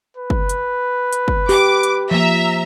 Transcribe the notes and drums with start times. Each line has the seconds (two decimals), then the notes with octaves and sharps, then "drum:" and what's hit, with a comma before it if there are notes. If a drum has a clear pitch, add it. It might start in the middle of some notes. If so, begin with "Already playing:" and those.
0.17 B4
0.30 drum: kick
0.49 drum: hi-hat
1.13 drum: hi-hat
1.28 drum: kick
1.49 G4 D6, drum: open hi-hat
1.83 drum: hi-hat
2.11 F3 A#3 E5 A#5 E6